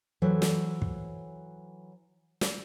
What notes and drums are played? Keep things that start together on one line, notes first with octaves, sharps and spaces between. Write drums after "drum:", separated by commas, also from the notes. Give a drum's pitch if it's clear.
E3 F#3 A4 C5 C#5
drum: snare
drum: kick
drum: snare